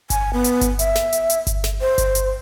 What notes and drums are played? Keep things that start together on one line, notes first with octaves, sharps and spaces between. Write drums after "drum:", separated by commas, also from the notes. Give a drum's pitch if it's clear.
G#5, drum: kick G1, hi-hat
B3
drum: hi-hat
drum: kick G1, hi-hat
E5, drum: hi-hat
drum: snare
drum: hi-hat
drum: hi-hat
drum: kick G1, hi-hat
drum: snare
C5
drum: kick G1, hi-hat
drum: hi-hat